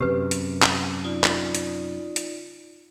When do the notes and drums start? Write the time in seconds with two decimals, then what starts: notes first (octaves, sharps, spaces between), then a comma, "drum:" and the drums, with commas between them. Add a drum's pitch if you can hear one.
0.01 F#2 C3 G4 B4
0.31 drum: hi-hat
0.62 drum: clap
1.04 D#4 F4 D5
1.24 drum: clap
1.55 drum: hi-hat
2.16 drum: hi-hat